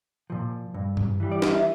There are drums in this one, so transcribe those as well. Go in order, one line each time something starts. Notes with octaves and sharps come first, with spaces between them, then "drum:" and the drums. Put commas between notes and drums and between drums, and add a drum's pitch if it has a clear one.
A#2 F3
G2
drum: tom G2
E3 G3
D5
D#5, drum: snare
E5